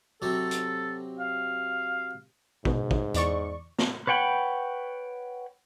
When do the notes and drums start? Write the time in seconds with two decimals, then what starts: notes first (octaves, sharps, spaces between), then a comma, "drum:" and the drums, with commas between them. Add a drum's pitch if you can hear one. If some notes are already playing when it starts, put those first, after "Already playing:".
0.22 C3 F#3 C4 A4
0.51 drum: hi-hat
1.20 F5
2.65 G#2 B2, drum: kick
2.91 drum: kick
3.14 E2 D5 C#6, drum: hi-hat
3.79 drum: snare
4.07 B4 C#5 F#5 G5 B5